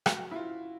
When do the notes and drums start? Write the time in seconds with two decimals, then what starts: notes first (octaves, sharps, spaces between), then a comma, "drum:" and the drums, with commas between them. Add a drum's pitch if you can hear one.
0.06 F#4, drum: rim click
0.31 E4
0.36 F4